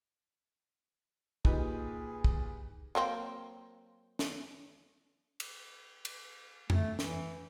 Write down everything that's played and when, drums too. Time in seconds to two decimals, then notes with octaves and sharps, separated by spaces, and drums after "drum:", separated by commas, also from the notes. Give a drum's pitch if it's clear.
1.45 A#2 D#4 G4 G#4 B4, drum: kick
2.24 drum: kick
2.95 F#3 A#3 C4
4.19 drum: snare
5.40 drum: cymbal
6.05 drum: cymbal
6.70 A3, drum: tom F2
6.99 E3, drum: snare